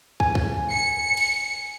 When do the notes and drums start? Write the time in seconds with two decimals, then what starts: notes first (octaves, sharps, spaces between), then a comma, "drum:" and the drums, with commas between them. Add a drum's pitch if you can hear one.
0.20 G#5, drum: kick
0.35 drum: kick
0.70 C#7
1.17 drum: cymbal